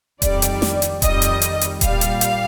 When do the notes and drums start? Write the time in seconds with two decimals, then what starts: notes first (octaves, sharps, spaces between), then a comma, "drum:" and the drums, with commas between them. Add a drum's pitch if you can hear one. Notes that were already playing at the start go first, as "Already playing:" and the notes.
0.22 F2 D#3 G3 D5, drum: kick D#1, hi-hat
0.42 drum: hi-hat
0.62 drum: snare
0.82 drum: hi-hat
1.02 F2 D#3 G3 D#5, drum: kick D#1, hi-hat
1.22 drum: hi-hat
1.42 drum: hi-hat
1.61 drum: hi-hat
1.81 A#2 G3 F5, drum: kick D#1, hi-hat
2.01 drum: hi-hat
2.21 drum: hi-hat